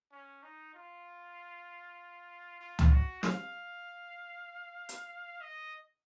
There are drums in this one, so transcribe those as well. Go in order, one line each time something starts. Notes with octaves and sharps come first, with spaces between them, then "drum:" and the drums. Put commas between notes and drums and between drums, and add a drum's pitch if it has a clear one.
C#4
D#4
F4
F4
drum: tom
F#4
F5, drum: snare
drum: hi-hat
D#5